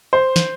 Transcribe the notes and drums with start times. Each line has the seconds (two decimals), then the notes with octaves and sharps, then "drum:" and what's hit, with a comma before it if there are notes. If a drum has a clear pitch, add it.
0.13 C5
0.36 drum: snare